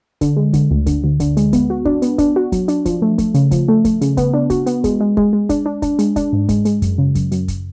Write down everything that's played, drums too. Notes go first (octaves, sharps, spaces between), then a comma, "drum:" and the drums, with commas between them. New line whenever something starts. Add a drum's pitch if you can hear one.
D3, drum: kick, hi-hat
G#3
D3, drum: kick, hi-hat
D2
D3, drum: kick, hi-hat
D2
D3, drum: kick, hi-hat
G#3, drum: hi-hat
B3, drum: kick, hi-hat
F#4
D4, drum: kick
B3, drum: hi-hat
D4, drum: kick, hi-hat
F#4
F#3, drum: kick, hi-hat
D4, drum: hi-hat
F3, drum: kick, hi-hat
A3
A3, drum: kick, hi-hat
C#3, drum: hi-hat
F3, drum: kick, hi-hat
A3
A3, drum: kick, hi-hat
C#3, drum: hi-hat
B3, drum: kick, hi-hat
D4
F#4, drum: kick, hi-hat
B3, drum: hi-hat
G#3, drum: kick, hi-hat
G#3
G#3, drum: kick
G#3
D4, drum: kick, hi-hat
D4
D4, drum: kick, hi-hat
G#3, drum: hi-hat
D4, drum: kick, hi-hat
G#2
G#3, drum: kick, hi-hat
G#3, drum: hi-hat
F#2, drum: kick, hi-hat
C#3
F#2, drum: kick, hi-hat
F#2, drum: hi-hat
drum: kick, hi-hat